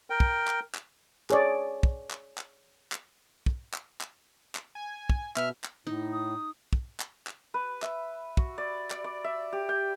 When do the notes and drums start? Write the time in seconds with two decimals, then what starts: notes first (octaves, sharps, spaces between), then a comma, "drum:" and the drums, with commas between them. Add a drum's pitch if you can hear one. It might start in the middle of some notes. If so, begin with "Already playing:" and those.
0.10 A#4 G5
0.20 drum: kick
0.47 drum: clap
0.75 drum: clap
1.30 G#4 C#5 D5, drum: clap
1.83 drum: kick
2.11 drum: clap
2.38 drum: clap
2.92 drum: clap
3.46 drum: kick
3.74 drum: clap
4.01 drum: clap
4.55 drum: clap
4.75 G#5
5.10 drum: kick
5.36 B2 E5 F6, drum: clap
5.64 drum: clap
5.87 A2 D#4
6.12 D#6
6.73 drum: kick
7.00 drum: clap
7.27 drum: clap
7.54 B4
7.82 E5, drum: clap
8.37 F#4, drum: kick
8.58 D5
8.90 D5, drum: clap
9.04 D6
9.24 E5
9.53 G4
9.69 G5